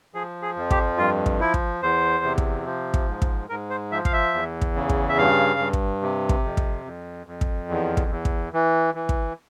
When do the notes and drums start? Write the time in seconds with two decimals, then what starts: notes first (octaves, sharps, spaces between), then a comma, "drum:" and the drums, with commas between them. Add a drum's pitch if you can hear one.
0.14 F3 G#4
0.42 G#4
0.56 F2
0.71 G4, drum: kick
0.98 G2 F4
1.26 drum: kick
1.40 F3 E4
1.54 drum: kick
1.82 E2 C5
2.24 C3
2.38 drum: kick
2.66 F3
2.94 drum: kick
3.08 G#2
3.22 drum: kick
3.49 G#2 A#4
3.70 C5
3.91 F3 E5
4.05 F5, drum: kick
4.13 E5
4.34 E2
4.61 drum: kick
4.75 C#3
4.89 drum: kick
5.09 E5
5.17 G2 F5
5.59 G2
5.73 drum: kick
6.02 C3
6.29 drum: kick
6.44 F2
6.57 drum: kick
6.85 F2
7.27 F2
7.41 drum: kick
7.69 E2
7.97 drum: kick
8.10 E2
8.25 drum: kick
8.53 E3
8.94 E3
9.09 drum: kick